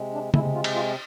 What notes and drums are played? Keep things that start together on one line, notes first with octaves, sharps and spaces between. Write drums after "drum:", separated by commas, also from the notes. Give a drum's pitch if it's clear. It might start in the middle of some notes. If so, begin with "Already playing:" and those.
Already playing: C3 G#3
D4
C3 G#3 E4, drum: tom C#3
F4
drum: cymbal
F4